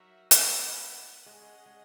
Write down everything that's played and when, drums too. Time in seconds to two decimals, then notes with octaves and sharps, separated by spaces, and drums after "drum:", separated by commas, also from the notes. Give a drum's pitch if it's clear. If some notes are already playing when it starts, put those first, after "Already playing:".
Already playing: F#3 D#4 F#4 A#4 E5
0.31 drum: hi-hat
0.46 B3 E4 B4 F#5
1.25 G#3 C#4 G#4 D#5 F#5
1.66 G#3